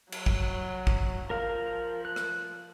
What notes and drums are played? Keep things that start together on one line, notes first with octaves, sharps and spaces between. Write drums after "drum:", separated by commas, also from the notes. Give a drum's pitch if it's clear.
F#3, drum: cymbal
drum: kick
drum: kick
F3 A#4 F5
F#6
drum: rim click